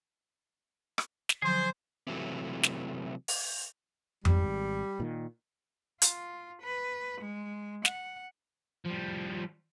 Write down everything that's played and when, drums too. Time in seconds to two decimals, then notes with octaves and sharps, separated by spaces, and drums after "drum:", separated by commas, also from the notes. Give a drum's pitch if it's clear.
0.98 drum: rim click
1.29 drum: snare
1.42 D3 F3 F#3 G#4 C5
2.07 C3 E3 F#3 A3
2.63 drum: snare
3.28 drum: open hi-hat
4.25 G#1 G3, drum: tom F2
5.00 A#2 D#3
6.02 F4, drum: hi-hat
6.62 B4
7.21 G#3
7.85 F#5, drum: snare
8.86 F3 G3